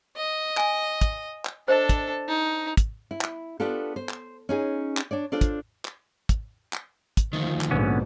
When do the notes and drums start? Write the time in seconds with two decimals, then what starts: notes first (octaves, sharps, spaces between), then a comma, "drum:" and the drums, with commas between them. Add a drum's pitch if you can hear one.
0.16 D#5
0.57 G#5, drum: clap
1.01 drum: kick, hi-hat
1.45 drum: clap
1.68 D4 A4 C5 D#5
1.89 drum: kick, hi-hat
2.29 D#4
2.77 drum: kick, hi-hat
3.11 E4
3.21 drum: clap
3.60 B3 D4 F4 G4 A4
3.96 C5
4.09 drum: clap
4.49 C#4 D#4 G#4
4.97 drum: clap
5.11 D4 C#5 D5
5.32 D4 F4 A4 C5 D5
5.41 drum: kick, hi-hat
5.85 drum: clap
6.29 drum: kick, hi-hat
6.73 drum: clap
7.17 drum: kick, hi-hat
7.33 D2 D#3 F3
7.61 drum: clap
7.71 A#1 G#2 B2 D3 B3 C#4